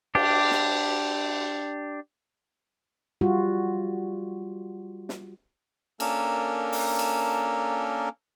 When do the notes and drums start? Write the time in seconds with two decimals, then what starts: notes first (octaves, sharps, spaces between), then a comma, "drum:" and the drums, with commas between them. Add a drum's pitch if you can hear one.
0.15 D4 G4, drum: cymbal
0.51 drum: snare
3.21 G3 F4 F#4
5.09 drum: snare
6.00 A#3 C#4 D4 A4 A#4, drum: cymbal
6.72 drum: open hi-hat
6.99 drum: cymbal